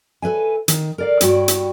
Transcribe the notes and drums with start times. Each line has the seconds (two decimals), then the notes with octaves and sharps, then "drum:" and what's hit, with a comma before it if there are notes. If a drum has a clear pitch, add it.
0.22 A4 B4 E5 G#5
0.68 D#3, drum: hi-hat
0.98 A#4 D5 F5
1.21 G2 E4 F#4 D5 G5, drum: hi-hat
1.48 drum: hi-hat